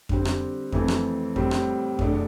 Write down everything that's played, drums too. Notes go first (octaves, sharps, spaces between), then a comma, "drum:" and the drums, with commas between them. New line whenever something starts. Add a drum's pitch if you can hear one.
D3 G3 C4, drum: kick F2
drum: rim click
F2 E3 A3 C4, drum: kick F2
drum: rim click
A2 G3 C4, drum: kick F2
drum: rim click
E2 B2 A3 D4, drum: kick F2